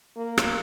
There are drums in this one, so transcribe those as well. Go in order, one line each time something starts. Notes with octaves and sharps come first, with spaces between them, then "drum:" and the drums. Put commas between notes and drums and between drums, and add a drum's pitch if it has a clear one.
A#3
drum: rim click